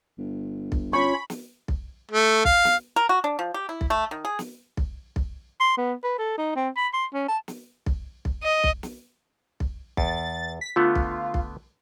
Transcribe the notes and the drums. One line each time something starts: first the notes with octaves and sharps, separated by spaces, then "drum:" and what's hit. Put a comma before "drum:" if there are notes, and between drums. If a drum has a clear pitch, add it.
G1
drum: kick B1
C#4 F4 C#5 B5 C#6
drum: snare
drum: kick B1
A3
F5, drum: kick B1
drum: snare
A#4
F#4
D4
F3
G4
E4
drum: kick B1
A3
D#3
G#4
drum: snare
drum: kick B1
drum: kick B1
C6
B3
B4
A4
D#4
C4
B5
C6
C#4
A5
drum: snare
drum: kick B1
drum: kick B1
D#5
drum: kick B1
drum: snare
drum: kick B1
E2 A6, drum: kick B1
B6
D3 A3 B3 F4
drum: kick B1
drum: kick B1